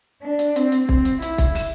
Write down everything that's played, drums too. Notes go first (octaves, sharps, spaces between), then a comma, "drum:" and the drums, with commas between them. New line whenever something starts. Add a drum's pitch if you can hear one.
D4
drum: hi-hat
C4, drum: hi-hat
drum: hi-hat
C4, drum: kick
drum: hi-hat
E4, drum: hi-hat
drum: kick, hi-hat
drum: open hi-hat